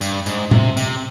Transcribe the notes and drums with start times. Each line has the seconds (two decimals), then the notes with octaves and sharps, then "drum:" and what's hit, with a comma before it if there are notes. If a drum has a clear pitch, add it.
0.01 G2, drum: tambourine
0.26 G#2, drum: tambourine
0.51 C3, drum: tom A2
0.77 C3, drum: tambourine